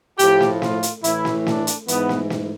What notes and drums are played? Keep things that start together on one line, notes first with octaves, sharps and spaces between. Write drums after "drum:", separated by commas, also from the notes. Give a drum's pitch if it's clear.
A2 F3 G4, drum: hi-hat
drum: snare
F4, drum: snare
drum: hi-hat
A2 E3 E4, drum: hi-hat
drum: snare
D4, drum: snare
drum: hi-hat
G#2 E3 B3, drum: hi-hat
drum: snare
drum: snare